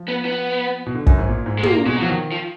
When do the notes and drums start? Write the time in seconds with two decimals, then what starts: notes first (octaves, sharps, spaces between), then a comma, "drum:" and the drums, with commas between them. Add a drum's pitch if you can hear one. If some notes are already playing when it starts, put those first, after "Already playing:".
Already playing: F3
0.08 B3
0.25 B3
0.86 B2
0.95 D3
1.07 F#2, drum: kick
1.18 G#2
1.29 A#2
1.46 G#2
1.59 G#3
1.63 A#2 A#3, drum: tom
1.86 B2 G#3
1.98 F3 F#3
2.09 D#3
2.32 F3